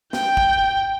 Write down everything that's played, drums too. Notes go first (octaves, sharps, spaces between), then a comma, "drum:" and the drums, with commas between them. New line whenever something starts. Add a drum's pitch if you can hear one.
G5, drum: snare
drum: kick